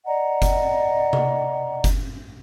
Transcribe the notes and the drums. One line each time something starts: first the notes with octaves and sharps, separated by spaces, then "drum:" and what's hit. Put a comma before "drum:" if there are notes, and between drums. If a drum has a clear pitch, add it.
D5 D#5 F#5 A#5
drum: kick F#1, hi-hat
drum: tom C3
drum: kick F#1, hi-hat